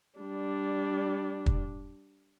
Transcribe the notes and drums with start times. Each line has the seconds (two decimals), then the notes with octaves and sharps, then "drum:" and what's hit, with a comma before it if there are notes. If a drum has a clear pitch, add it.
0.20 G3 D4
1.46 drum: kick